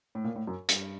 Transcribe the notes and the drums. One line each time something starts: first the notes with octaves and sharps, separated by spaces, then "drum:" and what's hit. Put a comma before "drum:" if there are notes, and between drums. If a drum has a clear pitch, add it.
A2
A#2
A2
F#2
G2, drum: hi-hat